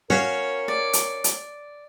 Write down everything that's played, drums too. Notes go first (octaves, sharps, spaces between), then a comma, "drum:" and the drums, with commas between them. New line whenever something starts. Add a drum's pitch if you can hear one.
C#4 F#4 A#4 C#5 F5
D5
drum: hi-hat
drum: hi-hat